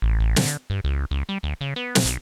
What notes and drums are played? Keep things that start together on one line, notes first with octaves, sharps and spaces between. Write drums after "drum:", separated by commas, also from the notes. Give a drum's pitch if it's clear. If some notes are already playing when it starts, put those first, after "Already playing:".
A1
A1
D3, drum: snare
G2
C#2
C#2
G3
D2
C#3
B3
drum: snare
B1